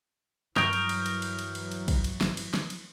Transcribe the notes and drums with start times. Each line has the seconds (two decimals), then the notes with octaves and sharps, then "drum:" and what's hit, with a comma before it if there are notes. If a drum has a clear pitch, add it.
0.56 G2 E3 F#3 A#4 C#6 D#6 G6 D7, drum: snare
0.73 drum: cymbal
0.89 drum: cymbal
1.06 drum: cymbal
1.22 drum: cymbal
1.39 drum: cymbal
1.55 drum: cymbal
1.71 drum: cymbal
1.88 drum: kick, cymbal
2.04 drum: cymbal
2.21 drum: snare
2.37 drum: cymbal
2.54 drum: snare
2.70 drum: cymbal